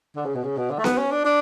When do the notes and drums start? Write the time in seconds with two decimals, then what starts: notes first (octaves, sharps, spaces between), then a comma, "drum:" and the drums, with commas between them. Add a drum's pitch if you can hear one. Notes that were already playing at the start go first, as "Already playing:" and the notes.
0.16 D3
0.26 C#3
0.35 B2
0.44 C#3
0.57 B2
0.70 D3
0.78 A3
0.84 B3, drum: snare B3
0.98 C#4
1.11 D4
1.25 D4